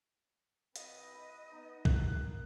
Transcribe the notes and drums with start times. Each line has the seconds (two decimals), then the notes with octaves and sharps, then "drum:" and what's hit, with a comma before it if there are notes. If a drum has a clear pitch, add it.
0.76 C2 C4 B4 D#5, drum: hi-hat
1.15 B5
1.52 B3 D#4
1.85 A#4 F#6, drum: kick B1